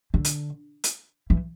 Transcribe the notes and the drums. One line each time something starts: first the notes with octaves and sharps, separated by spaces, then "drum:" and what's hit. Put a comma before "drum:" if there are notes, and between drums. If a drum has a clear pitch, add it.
D3
drum: hi-hat
drum: hi-hat
E3